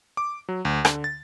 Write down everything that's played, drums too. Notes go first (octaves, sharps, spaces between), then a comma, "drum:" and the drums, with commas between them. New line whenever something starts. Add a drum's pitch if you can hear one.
D6
F#3
D2
D3, drum: rim click
A6